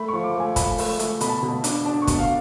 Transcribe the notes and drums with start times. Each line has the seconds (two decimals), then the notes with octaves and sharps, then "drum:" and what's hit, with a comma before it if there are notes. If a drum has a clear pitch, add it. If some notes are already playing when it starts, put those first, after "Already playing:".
Already playing: A3 B5
0.08 F3 C#6
0.24 D6
0.35 A3 G#5
0.56 A3 B5, drum: kick, hi-hat
0.78 A3, drum: open hi-hat
0.99 A3, drum: hi-hat
1.21 B2 B5, drum: hi-hat
1.29 A5
1.38 B2 B5
1.64 D4, drum: hi-hat
1.85 D4 A5
2.02 C#6
2.07 B2, drum: kick, hi-hat
2.19 F5